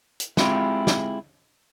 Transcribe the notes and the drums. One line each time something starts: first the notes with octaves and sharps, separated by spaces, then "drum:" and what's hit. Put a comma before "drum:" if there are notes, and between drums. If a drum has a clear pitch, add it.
drum: hi-hat
G#3 C4 E4 F4 G4 G#4, drum: snare
drum: snare